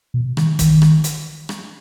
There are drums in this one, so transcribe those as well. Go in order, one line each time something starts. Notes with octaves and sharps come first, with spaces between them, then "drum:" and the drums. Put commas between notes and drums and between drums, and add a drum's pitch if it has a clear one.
B2
D#3, drum: rim click
D#3, drum: kick, hi-hat
drum: rim click
drum: hi-hat
drum: rim click